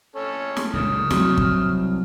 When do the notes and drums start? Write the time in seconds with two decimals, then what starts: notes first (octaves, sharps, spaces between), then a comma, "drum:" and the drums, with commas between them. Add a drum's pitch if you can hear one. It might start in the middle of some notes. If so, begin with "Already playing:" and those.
0.16 C#4 A4
0.57 drum: snare
0.73 C#2 F#2 A#2 D#6 F6
1.11 C2 F#3, drum: snare
1.38 drum: kick